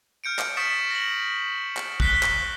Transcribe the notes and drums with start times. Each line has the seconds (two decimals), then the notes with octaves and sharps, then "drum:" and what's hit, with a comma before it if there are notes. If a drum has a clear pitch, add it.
0.24 F6 G6 C#7 D7
0.39 drum: clap
0.57 C#6 D#6 A6 B6 C#7 E7
0.91 A#6 F#7
1.77 drum: clap
2.00 F#6 B6 G7, drum: kick
2.23 drum: clap